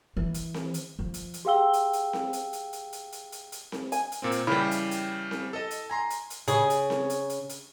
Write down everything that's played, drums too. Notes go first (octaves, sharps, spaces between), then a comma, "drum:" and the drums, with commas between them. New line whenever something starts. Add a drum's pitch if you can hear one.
E3
drum: hi-hat
drum: snare C4
drum: hi-hat
F3
drum: hi-hat
drum: hi-hat
G4 G#4 F5 G5 E6 G7
drum: hi-hat
drum: hi-hat
drum: snare C4
drum: hi-hat
drum: hi-hat
drum: hi-hat
drum: hi-hat
drum: hi-hat
drum: hi-hat
drum: hi-hat
drum: snare C4
G#5, drum: hi-hat
drum: hi-hat
A#2 A#3 C4
drum: hi-hat
C#3 E3 G3 E4 G4
drum: hi-hat
drum: hi-hat
drum: snare C4
A4 D#5
drum: hi-hat
G#5 A#5 C6
drum: hi-hat
drum: hi-hat
C#3 G#4, drum: hi-hat
drum: hi-hat
drum: snare C4
drum: hi-hat
drum: hi-hat
drum: hi-hat